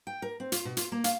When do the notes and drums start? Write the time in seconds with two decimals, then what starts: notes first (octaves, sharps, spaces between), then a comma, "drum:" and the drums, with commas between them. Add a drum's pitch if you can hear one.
0.07 G5
0.22 A#4
0.40 C4
0.52 F4, drum: hi-hat
0.65 B2
0.77 F4, drum: hi-hat
0.92 A#3
1.04 F5, drum: hi-hat